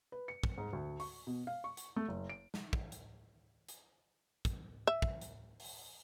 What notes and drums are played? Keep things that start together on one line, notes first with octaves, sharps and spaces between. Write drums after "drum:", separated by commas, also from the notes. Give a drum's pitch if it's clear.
B4
C#7
drum: kick
G#2
D2
C#6, drum: open hi-hat
B2
F5
C#6
drum: hi-hat
A3
F#1
D7
drum: snare
drum: kick
drum: hi-hat
drum: hi-hat
drum: kick, hi-hat
E5
drum: kick
drum: hi-hat
drum: open hi-hat